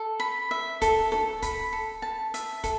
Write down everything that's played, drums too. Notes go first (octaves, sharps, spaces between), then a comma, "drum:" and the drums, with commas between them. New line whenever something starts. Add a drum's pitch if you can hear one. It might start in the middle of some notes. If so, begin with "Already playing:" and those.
Already playing: A4
B5
E5
A4, drum: kick, hi-hat
A4, drum: snare
B5, drum: kick, hi-hat
A4
A5
E5, drum: hi-hat
A4, drum: kick, hi-hat